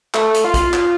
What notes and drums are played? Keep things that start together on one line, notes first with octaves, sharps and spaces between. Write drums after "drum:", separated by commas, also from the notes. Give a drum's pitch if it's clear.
A3, drum: clap
drum: hi-hat
F4
drum: kick, hi-hat
drum: clap